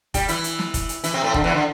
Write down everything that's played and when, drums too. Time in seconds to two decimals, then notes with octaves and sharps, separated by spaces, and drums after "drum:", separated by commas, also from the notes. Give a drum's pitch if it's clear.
0.14 G3 G4, drum: kick F1, hi-hat
0.28 E3 E4, drum: hi-hat
0.44 drum: hi-hat
0.59 drum: snare
0.74 drum: kick F1, hi-hat
0.89 drum: hi-hat
1.04 E3 E4, drum: hi-hat
1.14 C3 C4
1.24 A2 A3
1.34 D3, drum: kick F1
1.44 E2 E3
1.54 D3